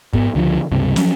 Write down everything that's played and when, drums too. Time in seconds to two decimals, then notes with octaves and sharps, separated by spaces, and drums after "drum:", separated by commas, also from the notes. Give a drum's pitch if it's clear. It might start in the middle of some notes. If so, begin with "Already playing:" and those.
0.13 G#2 B3, drum: kick
0.35 C#2 D3 F3
0.72 C#2 G2 C3
0.96 F3 F#3 C#4, drum: snare